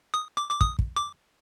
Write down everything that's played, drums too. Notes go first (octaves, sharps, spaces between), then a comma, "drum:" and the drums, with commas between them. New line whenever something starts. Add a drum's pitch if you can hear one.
D#6
D6
D6
D#6, drum: kick
drum: kick
D6